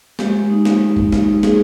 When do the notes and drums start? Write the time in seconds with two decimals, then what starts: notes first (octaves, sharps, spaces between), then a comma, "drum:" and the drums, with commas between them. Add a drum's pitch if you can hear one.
0.19 G#3 G4, drum: snare
0.50 D#4
0.65 drum: snare
0.81 G#3
0.97 drum: kick G1
1.12 D#4, drum: snare
1.43 G#3 G#4, drum: snare